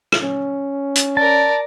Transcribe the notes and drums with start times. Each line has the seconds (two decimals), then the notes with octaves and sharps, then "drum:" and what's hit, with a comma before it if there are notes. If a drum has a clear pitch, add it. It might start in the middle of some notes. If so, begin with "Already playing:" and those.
0.12 drum: rim click
0.23 C#4
0.95 drum: hi-hat
1.17 A#4 D5 A5